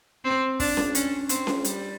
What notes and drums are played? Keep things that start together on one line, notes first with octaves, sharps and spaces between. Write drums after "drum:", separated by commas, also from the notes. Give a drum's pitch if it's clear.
C4
D4, drum: kick, open hi-hat
drum: snare C#4
C#4, drum: hi-hat
C4, drum: hi-hat
drum: snare C#4
G3, drum: hi-hat